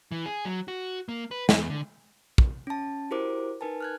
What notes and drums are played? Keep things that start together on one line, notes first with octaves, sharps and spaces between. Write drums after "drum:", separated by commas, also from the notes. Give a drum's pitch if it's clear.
E3
G#4
F#3
F#4
A#3
B4
E2, drum: snare
D3
drum: kick
C#4 A5
E4 F#4 G4 A#4 C5 D6
D#4 A#4 B4 G#5 A5
F6 F#6 G#6